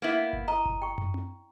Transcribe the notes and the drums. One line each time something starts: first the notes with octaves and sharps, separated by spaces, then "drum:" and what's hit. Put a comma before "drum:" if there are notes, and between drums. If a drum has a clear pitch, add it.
A#3 B3 E4
drum: kick G1
D#5 A#5
drum: kick G1
G5 C#6
drum: tom
drum: tom C4